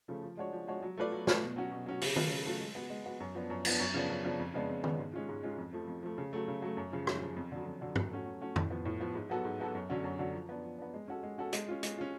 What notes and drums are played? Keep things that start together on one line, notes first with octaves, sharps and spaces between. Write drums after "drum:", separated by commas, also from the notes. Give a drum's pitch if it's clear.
C#3 F3 A3
F3
G#3 D4 F#4 C#5
F3
G#3 D4 F#4 C#5
F#3
A3 F4 B4 D5
F#3
A3 F4 B4 D5, drum: snare
B2
F#3 C#4 F#4
B2
F#3 C#4 F#4
C#3, drum: open hi-hat
F#3 A3 F4 B4, drum: tom D#3
C#3
F#3 A3 F4 B4
G#3
B3 F#4
G#3
B3 F#4
F#2
F3 B3 D4
F#2
F3 B3 D4, drum: cymbal
F#2
C#3 F3 B3 D4
F#2
C#3 F3 B3 D4
F2
C#3 G#3 B3 D4
F2
C#3 G#3 B3 D4, drum: tom D#3
G#2
G#3 C#4 F4
G#2
G#3 C#4 F4
F2
F3 A3
F2
F3 A3
C#3
F#3 A3
C#3
F#3 A3
F#2
C#3 F3
F#2, drum: rim click
C#3 F3
F2
D3 F#3
F2
D3 F#3
F#3, drum: tom
A3 C#4 F#4
F#3
A3 C#4 F#4
A2, drum: tom F2
F3 B3
A2
F3 B3
G#2
F#3 B3 F#4 A4
G#2
F#3 B3 F#4 A4
F#2
D3 F#3 C#4 F#4
F#2
D3 F#3 C#4 F#4
F3
B3 D4
F3
B3 D4
G#3
C#4 F#4 A4
G#3
C#4 F#4 A4
G#3, drum: hi-hat
C#4 F4
G#3, drum: hi-hat
C#4 F4